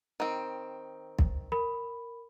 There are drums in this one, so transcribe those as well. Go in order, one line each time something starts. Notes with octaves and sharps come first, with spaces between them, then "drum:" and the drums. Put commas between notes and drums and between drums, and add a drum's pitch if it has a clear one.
D#3 C4
drum: kick
A#4 B5